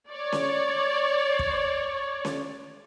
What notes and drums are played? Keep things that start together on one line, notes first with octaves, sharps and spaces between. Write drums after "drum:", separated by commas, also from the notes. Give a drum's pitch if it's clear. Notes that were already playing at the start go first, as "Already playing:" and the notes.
C#5 D5
drum: snare C#4
drum: kick
drum: snare C#4